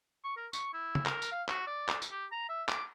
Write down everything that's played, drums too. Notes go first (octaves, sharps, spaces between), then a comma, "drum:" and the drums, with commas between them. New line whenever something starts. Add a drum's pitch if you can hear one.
C#6
A#4
C#6, drum: tambourine
E4
drum: tom
A#4, drum: clap
drum: tambourine
F5
F#4, drum: clap
D5
drum: clap
drum: tambourine
G4
A#5
E5
D6, drum: clap